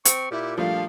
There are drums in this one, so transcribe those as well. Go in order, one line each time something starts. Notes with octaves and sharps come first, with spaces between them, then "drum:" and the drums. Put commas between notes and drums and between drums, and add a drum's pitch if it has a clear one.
C4 C#6, drum: hi-hat
A#2 E4 G4
F3 G3 A3 D4 F5